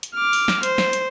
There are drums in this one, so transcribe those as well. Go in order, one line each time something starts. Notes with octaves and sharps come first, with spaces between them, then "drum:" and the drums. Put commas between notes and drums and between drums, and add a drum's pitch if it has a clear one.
drum: hi-hat
D6 F6
drum: open hi-hat
drum: snare
C5, drum: hi-hat
drum: snare
drum: hi-hat